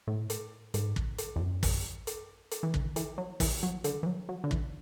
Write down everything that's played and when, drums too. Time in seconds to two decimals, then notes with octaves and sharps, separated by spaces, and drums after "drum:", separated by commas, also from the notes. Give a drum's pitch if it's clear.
0.07 A2
0.30 drum: hi-hat
0.74 G#2, drum: hi-hat
0.96 drum: kick
1.18 drum: hi-hat
1.36 E2
1.40 F#2
1.63 drum: kick, open hi-hat
2.07 drum: hi-hat
2.51 drum: hi-hat
2.63 E3
2.74 D3, drum: kick
2.96 E3, drum: hi-hat
3.18 F#3
3.40 E3, drum: kick, open hi-hat
3.63 F#3
3.84 D3, drum: hi-hat
4.03 E3
4.06 F#3
4.29 F#3
4.44 D3
4.51 E3, drum: kick